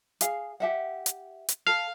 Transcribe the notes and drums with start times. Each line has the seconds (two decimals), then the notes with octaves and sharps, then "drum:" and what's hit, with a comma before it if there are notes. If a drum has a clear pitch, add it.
0.21 G#4 F5, drum: hi-hat
0.60 G4 E5 F#5
1.06 drum: hi-hat
1.49 drum: hi-hat
1.67 A4 F5